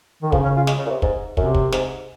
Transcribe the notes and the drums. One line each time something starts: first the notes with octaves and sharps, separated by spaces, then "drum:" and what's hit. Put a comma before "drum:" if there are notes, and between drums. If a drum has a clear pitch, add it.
D#3
C#3 F3, drum: kick
C#4
F4
G#3, drum: snare
C#3
A#2
C3
G#2, drum: kick
F#2 C3, drum: kick
drum: kick
G#2, drum: snare